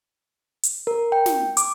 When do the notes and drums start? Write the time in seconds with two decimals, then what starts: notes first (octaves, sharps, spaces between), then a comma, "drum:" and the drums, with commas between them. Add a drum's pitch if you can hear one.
0.64 drum: hi-hat
0.87 A#4
1.12 G5
1.26 drum: snare
1.57 D6, drum: hi-hat